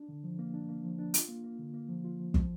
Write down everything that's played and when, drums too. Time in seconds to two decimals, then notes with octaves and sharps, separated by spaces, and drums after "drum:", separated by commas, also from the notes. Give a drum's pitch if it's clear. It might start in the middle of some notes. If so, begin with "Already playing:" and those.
Already playing: D4
0.09 D3
0.24 F3
0.39 A#3
0.54 D4
0.69 A#3
0.84 F3
0.99 D4
1.14 F4, drum: hi-hat
1.28 A#3
1.44 A#3
1.59 D3
1.74 A#3
1.89 F3
2.05 F4
2.19 F3
2.34 F3, drum: kick